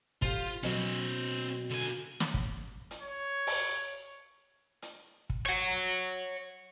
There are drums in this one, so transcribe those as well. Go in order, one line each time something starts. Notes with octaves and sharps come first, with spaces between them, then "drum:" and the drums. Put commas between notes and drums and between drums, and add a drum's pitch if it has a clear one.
F4 G4 C5, drum: kick
B2 F#3 C4 F#4 C#5, drum: hi-hat
D3 G#5
drum: snare
drum: kick
drum: hi-hat
C#5
drum: open hi-hat
drum: hi-hat
drum: kick
C#5 F#5